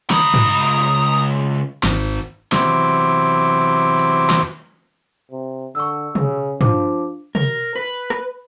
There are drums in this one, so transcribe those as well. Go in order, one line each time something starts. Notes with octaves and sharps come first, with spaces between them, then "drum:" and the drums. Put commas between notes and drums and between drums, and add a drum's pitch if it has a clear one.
C#2 A#5 B5 D#6, drum: snare
drum: tom
G#1 G#2, drum: snare
E2 C3 E3 F#3 C5 D6, drum: snare
drum: hi-hat
drum: snare
C3
D3 C#6 E6
C#3, drum: tom
F3 D4 D6, drum: tom
A#4, drum: tom
B4
drum: rim click